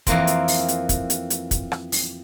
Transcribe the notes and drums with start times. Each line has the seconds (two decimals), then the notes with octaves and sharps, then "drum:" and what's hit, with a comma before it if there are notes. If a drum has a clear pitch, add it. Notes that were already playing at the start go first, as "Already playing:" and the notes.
0.07 F2 E3 A#3 C4, drum: kick, hi-hat
0.27 drum: hi-hat
0.48 drum: open hi-hat
0.68 drum: hi-hat
0.89 drum: kick, hi-hat
1.10 drum: hi-hat
1.30 drum: hi-hat
1.51 drum: kick, hi-hat
1.72 drum: rim click
1.92 drum: open hi-hat